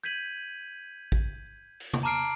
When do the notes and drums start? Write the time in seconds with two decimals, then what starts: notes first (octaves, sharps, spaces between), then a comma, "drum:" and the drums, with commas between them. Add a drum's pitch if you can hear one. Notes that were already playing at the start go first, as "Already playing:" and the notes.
0.04 G6 G#6 B6 D#7 F#7
1.12 drum: kick
1.80 drum: open hi-hat
1.93 drum: tom C3
2.03 A5 A#5 D6 F6 C7 D7